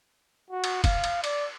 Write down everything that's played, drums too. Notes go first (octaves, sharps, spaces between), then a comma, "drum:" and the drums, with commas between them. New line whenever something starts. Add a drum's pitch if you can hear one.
F#4
drum: cymbal
F5, drum: kick, cymbal
drum: cymbal
D5, drum: cymbal